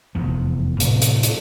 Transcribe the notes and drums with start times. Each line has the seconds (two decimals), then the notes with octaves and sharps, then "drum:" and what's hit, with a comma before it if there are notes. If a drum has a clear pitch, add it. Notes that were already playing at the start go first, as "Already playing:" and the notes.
0.15 F1 E2 F3
0.80 A2 C3 F#3 C4, drum: hi-hat
1.02 drum: hi-hat
1.23 drum: hi-hat